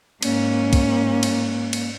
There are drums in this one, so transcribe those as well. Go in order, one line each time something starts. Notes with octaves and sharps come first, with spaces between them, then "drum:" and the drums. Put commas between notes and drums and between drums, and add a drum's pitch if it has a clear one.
G#2 A#3 C#4, drum: cymbal
drum: kick, cymbal
drum: cymbal
drum: cymbal